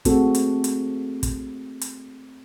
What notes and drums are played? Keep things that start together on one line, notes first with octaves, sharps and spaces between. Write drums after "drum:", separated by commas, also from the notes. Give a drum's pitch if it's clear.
A3 A#3 C4 F#4 G#4 A4, drum: kick, hi-hat
drum: hi-hat
drum: hi-hat
drum: kick, hi-hat
drum: hi-hat